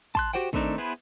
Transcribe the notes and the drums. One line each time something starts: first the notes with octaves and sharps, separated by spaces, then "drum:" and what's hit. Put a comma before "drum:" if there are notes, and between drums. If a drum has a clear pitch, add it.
A5 C6 F#6, drum: kick
F#4 G4 C5 F#5 G5
D#3 A3 C4 D4 D#4, drum: kick
B3 E4 G#4 B4 C5